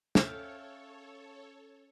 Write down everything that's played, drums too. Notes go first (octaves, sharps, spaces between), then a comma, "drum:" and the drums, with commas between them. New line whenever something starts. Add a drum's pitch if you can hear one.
C#4 A4 C#5 E5 F5 G5 D7, drum: snare